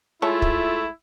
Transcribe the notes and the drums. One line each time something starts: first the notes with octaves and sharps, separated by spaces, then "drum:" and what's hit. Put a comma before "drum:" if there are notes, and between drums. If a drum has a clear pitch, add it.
G#3 A3 E4 F4 A4 C#5
drum: kick